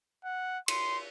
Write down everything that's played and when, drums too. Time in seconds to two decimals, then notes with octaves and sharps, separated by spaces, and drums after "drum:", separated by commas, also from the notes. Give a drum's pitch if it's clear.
0.25 F#5
0.68 C6, drum: cymbal